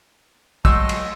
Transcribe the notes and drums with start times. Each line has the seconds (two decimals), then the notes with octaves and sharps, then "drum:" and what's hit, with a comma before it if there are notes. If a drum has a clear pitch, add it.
0.65 F#3 G#3 D#5 G5 A5 C6 C#6 E6, drum: kick
0.89 drum: cymbal